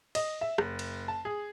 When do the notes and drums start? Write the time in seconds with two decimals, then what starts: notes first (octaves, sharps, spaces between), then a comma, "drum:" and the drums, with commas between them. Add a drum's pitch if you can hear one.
0.15 D#5, drum: cymbal
0.41 E5
0.58 F#1, drum: rim click
0.79 drum: cymbal
1.08 A5
1.25 G#4